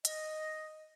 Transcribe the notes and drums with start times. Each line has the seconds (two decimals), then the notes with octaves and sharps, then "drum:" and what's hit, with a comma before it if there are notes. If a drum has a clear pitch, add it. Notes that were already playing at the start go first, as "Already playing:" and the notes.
0.05 D#5, drum: hi-hat